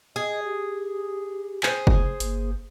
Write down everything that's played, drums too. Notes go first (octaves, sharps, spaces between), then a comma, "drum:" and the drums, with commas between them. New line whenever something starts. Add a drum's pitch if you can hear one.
G#4 D#5
G4
G#4 B4 C5, drum: clap
drum: kick
G1 A#3, drum: hi-hat